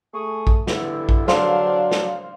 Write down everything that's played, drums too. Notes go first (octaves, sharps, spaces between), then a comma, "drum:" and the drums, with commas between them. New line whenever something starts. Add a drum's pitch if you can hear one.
A3 G#4 C#6 D#6
drum: kick A#1
E2 G2 D3 E4, drum: snare
drum: kick A#1
F#3 D4 C5 F5 C6, drum: snare
drum: snare